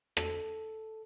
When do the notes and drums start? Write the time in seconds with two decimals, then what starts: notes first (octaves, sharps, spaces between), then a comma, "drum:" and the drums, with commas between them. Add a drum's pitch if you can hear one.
0.17 A4, drum: rim click